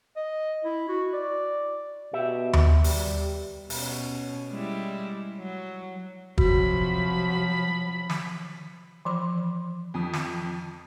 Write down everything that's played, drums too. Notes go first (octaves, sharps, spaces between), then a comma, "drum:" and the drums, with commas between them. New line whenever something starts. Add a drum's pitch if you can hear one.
D#5
E4
F#4
D5
B2 G4 E5
drum: tom D#2
G3, drum: open hi-hat
B2 C#4, drum: open hi-hat
G3 G#3 E4
F#3
C3 F3 F#3 F#4 B5, drum: kick
drum: snare
E3 F3 B5
F2 D#6
drum: snare